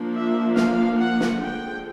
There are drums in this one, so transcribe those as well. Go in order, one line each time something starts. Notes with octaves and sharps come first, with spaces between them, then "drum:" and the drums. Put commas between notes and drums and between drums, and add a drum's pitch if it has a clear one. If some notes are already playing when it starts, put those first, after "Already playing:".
Already playing: F3 A#3 D4
E5
F5, drum: snare
F#5
drum: snare
D3 F3 G#3 G5